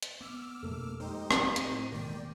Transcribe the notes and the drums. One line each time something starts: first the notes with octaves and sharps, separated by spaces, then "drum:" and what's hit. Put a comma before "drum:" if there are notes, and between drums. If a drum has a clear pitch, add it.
drum: hi-hat
B3 D6 E6 F6
F2 B2 A3 A#3
G#3 D#4 G4 C5
drum: rim click
A2 C4 A#6 D#7, drum: hi-hat
E1 D#3 G#3 A#3 D5 G5